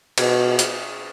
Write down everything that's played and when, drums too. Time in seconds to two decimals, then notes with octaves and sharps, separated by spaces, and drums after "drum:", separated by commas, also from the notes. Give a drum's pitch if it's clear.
0.18 B2, drum: cymbal
0.59 drum: hi-hat